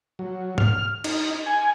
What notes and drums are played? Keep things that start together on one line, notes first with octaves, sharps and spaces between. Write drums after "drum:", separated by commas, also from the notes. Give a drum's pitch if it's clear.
F#3
F6, drum: tom
D#4, drum: cymbal
G#5